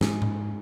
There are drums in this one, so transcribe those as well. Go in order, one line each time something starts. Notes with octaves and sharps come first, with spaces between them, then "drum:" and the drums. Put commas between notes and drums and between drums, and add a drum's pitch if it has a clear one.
G#2, drum: snare
drum: tom G#2